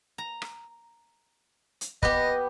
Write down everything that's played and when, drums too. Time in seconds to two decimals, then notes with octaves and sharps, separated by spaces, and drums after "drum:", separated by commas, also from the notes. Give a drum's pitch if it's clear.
0.18 A#5
0.42 drum: rim click
1.81 drum: hi-hat
2.02 B3 G4 B4 D#5, drum: kick